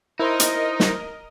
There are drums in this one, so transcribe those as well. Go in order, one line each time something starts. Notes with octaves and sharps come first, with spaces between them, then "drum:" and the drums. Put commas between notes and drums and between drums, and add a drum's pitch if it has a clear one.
D#4 E4 A#4 C5 D#5 C6
drum: hi-hat
drum: snare